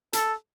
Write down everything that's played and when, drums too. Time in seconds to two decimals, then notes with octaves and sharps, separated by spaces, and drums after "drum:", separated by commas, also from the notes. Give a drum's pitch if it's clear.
0.13 A4, drum: hi-hat